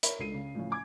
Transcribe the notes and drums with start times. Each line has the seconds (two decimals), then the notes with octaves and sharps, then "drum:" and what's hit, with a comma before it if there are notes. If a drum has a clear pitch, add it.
0.03 A#4 C#5 E5 B5, drum: hi-hat
0.19 C#2 D4 A4 C7 D#7
0.34 C#3
0.55 A2 C#3 E3 F3 C#4
0.70 G#5 D6 G#6